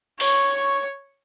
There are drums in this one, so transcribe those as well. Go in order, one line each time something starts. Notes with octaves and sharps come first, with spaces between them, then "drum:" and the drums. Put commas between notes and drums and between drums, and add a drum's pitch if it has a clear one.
C#5 C#6, drum: open hi-hat